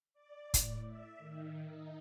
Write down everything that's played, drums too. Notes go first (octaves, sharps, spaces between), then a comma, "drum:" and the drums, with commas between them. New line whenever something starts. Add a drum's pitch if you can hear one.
D5
A2, drum: kick, hi-hat
E5
D#3
D#4